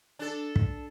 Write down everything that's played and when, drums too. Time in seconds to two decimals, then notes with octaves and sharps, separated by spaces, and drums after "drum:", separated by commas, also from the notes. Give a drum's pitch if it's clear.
0.19 D4 A4
0.56 drum: kick